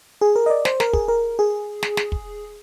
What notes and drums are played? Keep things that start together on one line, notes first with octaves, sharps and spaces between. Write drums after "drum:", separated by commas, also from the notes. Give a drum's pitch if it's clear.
G#4
A#4
D#5
D5
C5, drum: snare
A#4, drum: snare
G#4, drum: kick
A#4
G#4
drum: snare
drum: snare
drum: kick